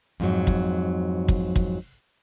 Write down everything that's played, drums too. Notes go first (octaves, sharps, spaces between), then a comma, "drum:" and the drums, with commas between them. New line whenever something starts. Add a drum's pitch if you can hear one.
F2 G#2 F#3
drum: kick
drum: kick
drum: kick